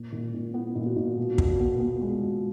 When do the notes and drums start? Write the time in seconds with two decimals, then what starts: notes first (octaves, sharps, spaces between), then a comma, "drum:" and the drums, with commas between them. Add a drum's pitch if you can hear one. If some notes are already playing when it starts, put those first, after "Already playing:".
Already playing: A#2
0.12 A#2
0.34 A#2
0.54 B3 E4
0.75 A#2
0.85 F#4
0.96 A#2
1.17 B2
1.38 B2, drum: kick
1.60 B3
1.80 B3
2.01 G#3
2.22 B2